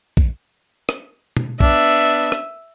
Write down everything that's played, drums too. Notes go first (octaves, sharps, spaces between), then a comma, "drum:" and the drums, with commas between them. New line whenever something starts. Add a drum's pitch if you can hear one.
drum: kick A#1
drum: rim click
drum: tom
B3 D4 E5, drum: kick A#1
drum: rim click